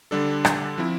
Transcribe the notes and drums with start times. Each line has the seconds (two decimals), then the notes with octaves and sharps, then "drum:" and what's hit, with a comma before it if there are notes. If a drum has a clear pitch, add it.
0.11 D3 G3 D4 A4
0.45 drum: rim click
0.78 F3 C4 E4